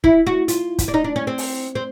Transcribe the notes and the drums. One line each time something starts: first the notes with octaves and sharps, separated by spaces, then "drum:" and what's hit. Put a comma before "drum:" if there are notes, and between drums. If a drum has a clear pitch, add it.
E4, drum: kick
F#4
F4, drum: hi-hat
drum: kick, hi-hat
D4
D#4
D4
C#4
C4
drum: open hi-hat
C4